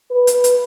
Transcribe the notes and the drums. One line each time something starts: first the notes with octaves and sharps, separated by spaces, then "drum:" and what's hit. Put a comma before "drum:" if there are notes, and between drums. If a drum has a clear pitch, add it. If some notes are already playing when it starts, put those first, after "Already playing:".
B4
drum: hi-hat
drum: hi-hat